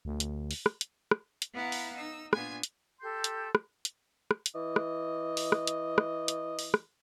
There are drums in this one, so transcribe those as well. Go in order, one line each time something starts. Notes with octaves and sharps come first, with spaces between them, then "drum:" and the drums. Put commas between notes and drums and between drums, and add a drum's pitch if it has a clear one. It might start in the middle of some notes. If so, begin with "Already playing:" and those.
D2
drum: hi-hat
drum: open hi-hat
drum: rim click
drum: hi-hat
drum: rim click
drum: hi-hat
B3 E4 F5 F#5 A#5
drum: open hi-hat
D#4 E6
A#2 B3 D4 F4 G#5 G#6, drum: rim click
drum: hi-hat
G4 A4 C6 G6
drum: hi-hat
drum: rim click
drum: hi-hat
drum: rim click
drum: hi-hat
E3 D#5
drum: rim click
drum: open hi-hat
drum: rim click
drum: hi-hat
drum: rim click
drum: hi-hat
drum: open hi-hat
drum: rim click